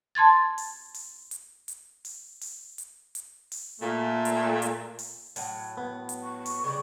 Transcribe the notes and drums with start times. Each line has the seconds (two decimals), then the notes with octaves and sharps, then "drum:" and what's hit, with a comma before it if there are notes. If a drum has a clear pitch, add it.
0.15 A5 C6 G#6 A6
0.58 drum: open hi-hat
0.94 drum: open hi-hat
1.31 drum: hi-hat
1.68 drum: hi-hat
2.05 drum: open hi-hat
2.41 drum: open hi-hat
2.78 drum: hi-hat
3.15 drum: hi-hat
3.52 drum: open hi-hat
3.80 A#2 A3
4.25 drum: hi-hat
4.62 drum: hi-hat
4.99 drum: open hi-hat
5.36 A2 F#3, drum: open hi-hat
5.77 B3
6.09 drum: hi-hat
6.24 C#6
6.46 drum: open hi-hat
6.64 C#3 G3 D5